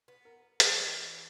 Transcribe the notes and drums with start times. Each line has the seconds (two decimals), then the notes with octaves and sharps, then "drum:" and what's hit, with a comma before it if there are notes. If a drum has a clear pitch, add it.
0.08 B3
0.25 A#4
0.60 E3 A#3 A4 D#5, drum: hi-hat